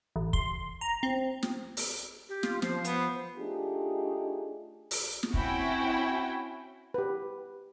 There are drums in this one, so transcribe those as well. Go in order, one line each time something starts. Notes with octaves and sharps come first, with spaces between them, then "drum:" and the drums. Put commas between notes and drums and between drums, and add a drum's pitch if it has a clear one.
A1
C6, drum: kick
A#5
C4
drum: snare
drum: open hi-hat
G4
F4, drum: snare
F3 C5, drum: snare
B3, drum: hi-hat
A3 D4 D#4 F4 G4 G#4
drum: open hi-hat
drum: snare
C4 C#4 E4 F#4 G5, drum: kick
G4 B4